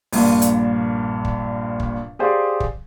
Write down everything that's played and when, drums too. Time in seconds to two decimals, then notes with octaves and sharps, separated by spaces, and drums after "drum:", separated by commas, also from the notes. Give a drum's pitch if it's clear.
0.12 A#1 G2 A#2, drum: open hi-hat
0.42 drum: hi-hat
1.25 drum: kick
1.80 drum: kick
2.19 G4 G#4 C5 D5 F5
2.60 drum: kick